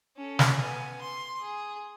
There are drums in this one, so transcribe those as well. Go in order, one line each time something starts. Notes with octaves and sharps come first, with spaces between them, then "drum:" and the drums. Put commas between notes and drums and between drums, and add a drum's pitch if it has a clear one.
C#4 A4
drum: snare
B3 G#5
C6
G#4